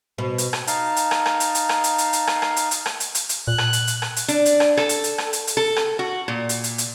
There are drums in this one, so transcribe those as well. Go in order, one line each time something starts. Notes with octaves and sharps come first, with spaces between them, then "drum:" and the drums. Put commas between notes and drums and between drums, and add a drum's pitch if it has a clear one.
B2
drum: hi-hat
drum: rim click
D#4 F5 A5, drum: hi-hat
drum: hi-hat
drum: rim click
drum: rim click
drum: hi-hat
drum: hi-hat
drum: rim click
drum: hi-hat
drum: hi-hat
drum: hi-hat
drum: rim click
drum: rim click
drum: hi-hat
drum: hi-hat
drum: rim click
drum: hi-hat
drum: hi-hat
drum: hi-hat
A#2 F#6
drum: rim click
drum: hi-hat
drum: hi-hat
drum: rim click
drum: hi-hat
D4, drum: hi-hat
drum: hi-hat
drum: rim click
A4, drum: rim click
drum: hi-hat
drum: hi-hat
drum: rim click
drum: hi-hat
drum: hi-hat
A4
drum: rim click
F#4
A#2
drum: hi-hat
drum: hi-hat
drum: hi-hat